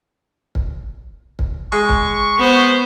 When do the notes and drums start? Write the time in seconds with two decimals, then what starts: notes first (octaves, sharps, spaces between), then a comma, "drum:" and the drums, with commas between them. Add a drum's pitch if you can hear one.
0.55 drum: kick
1.39 drum: kick
1.72 G#3 C#6
1.89 drum: kick
2.38 B3 C5